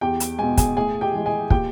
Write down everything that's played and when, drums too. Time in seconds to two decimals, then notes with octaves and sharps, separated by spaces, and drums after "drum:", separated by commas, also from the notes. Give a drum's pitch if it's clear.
0.01 E2 G4 G5
0.20 drum: hi-hat
0.38 B2 G#3 G#5
0.57 G#4 G#5, drum: kick, hi-hat
0.77 A2 G#4 G#5
1.01 G4 G5
1.14 E3 G#3
1.26 G#4 G#5
1.50 A#2 G4 G5, drum: kick